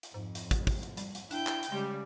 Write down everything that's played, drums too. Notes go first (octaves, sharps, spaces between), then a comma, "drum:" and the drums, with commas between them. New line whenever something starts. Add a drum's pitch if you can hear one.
drum: hi-hat
F2 G#2
drum: hi-hat
drum: kick, hi-hat
drum: kick, open hi-hat
drum: hi-hat
G3, drum: hi-hat
drum: hi-hat
D4 E4 G5 G6, drum: hi-hat
drum: clap
drum: hi-hat
C#3 G3 G#3